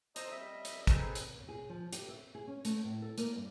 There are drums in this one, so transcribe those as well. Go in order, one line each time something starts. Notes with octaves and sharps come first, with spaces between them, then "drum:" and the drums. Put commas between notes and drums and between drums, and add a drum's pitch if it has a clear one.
C5 D#5 A#5 D#6 E6, drum: hi-hat
G3 D#5 E5
drum: hi-hat
C4 D#4 G#4 A4 B4, drum: kick, hi-hat
drum: hi-hat
G#4
F3
G4, drum: hi-hat
E5
G#4
C#4
A3, drum: hi-hat
A2
A4
A#3, drum: hi-hat
G2